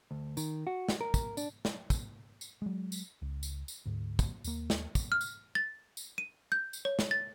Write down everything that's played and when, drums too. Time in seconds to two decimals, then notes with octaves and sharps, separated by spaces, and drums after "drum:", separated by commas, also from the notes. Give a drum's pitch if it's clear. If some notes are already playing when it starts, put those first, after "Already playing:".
0.11 D2
0.37 D#3, drum: tambourine
0.67 F#4
0.89 drum: snare
1.01 A#4
1.14 drum: kick, tambourine
1.37 D4, drum: tambourine
1.65 drum: snare
1.90 drum: kick, tambourine
2.41 drum: tambourine
2.62 F#3 G#3
2.92 drum: tambourine
3.22 C#2
3.43 drum: tambourine
3.68 drum: tambourine
3.86 D2 G#2
4.19 drum: kick, tambourine
4.44 D#2 A#3, drum: tambourine
4.70 drum: snare
4.95 drum: kick, tambourine
5.12 F6
5.21 drum: tambourine
5.55 A6
5.97 drum: tambourine
6.18 D#7
6.52 G6
6.73 drum: tambourine
6.85 C#5
6.99 drum: snare
7.11 A6